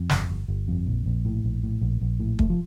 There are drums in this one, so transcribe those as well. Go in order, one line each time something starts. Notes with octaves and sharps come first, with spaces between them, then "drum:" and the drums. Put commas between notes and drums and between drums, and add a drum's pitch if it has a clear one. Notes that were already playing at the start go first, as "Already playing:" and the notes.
Already playing: F2
G1, drum: snare
G1
G1
F2
A#1
A#1
A2
A#1
A2
A#1
A#1
A2
F1 A3, drum: kick
F3